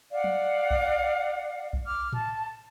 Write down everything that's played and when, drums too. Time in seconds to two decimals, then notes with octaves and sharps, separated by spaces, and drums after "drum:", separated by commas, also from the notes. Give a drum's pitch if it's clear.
0.12 D5 F5 F#5
0.24 drum: tom F#3
0.71 drum: kick B1
1.73 drum: kick B1
1.85 D6 F6
2.13 A5, drum: tom A2